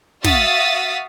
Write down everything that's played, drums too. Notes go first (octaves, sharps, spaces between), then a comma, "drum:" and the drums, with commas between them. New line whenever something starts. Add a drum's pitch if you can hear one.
F#4 E5 F5 D#6 A6 B6, drum: snare